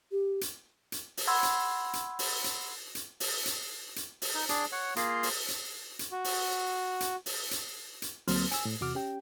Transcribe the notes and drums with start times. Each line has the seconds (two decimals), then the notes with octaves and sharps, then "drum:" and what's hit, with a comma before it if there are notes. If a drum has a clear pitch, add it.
0.12 G4
0.41 drum: hi-hat
0.92 drum: hi-hat
1.17 drum: open hi-hat
1.27 F#5 B5 C6 E6 G#6
1.43 drum: hi-hat
1.93 drum: hi-hat
2.19 drum: open hi-hat
2.44 drum: hi-hat
2.95 drum: hi-hat
3.20 drum: open hi-hat
3.46 drum: hi-hat
3.96 drum: hi-hat
4.22 drum: open hi-hat
4.35 D#4
4.49 D4 G#4 D5, drum: hi-hat
4.72 C#5 F#5
4.96 A#3 F4 G#4 A#5 C6, drum: hi-hat
5.23 drum: open hi-hat
5.48 drum: hi-hat
5.99 drum: hi-hat
6.12 F#4
6.24 drum: open hi-hat
7.00 drum: hi-hat
7.26 drum: open hi-hat
7.51 drum: hi-hat
8.02 drum: hi-hat
8.28 D2 F#3 A#3 C4 C6 F6, drum: open hi-hat
8.51 G#5 E6, drum: hi-hat
8.65 A2
8.81 E2 C3 F#4 D6 F6
8.95 C#4 G4 G5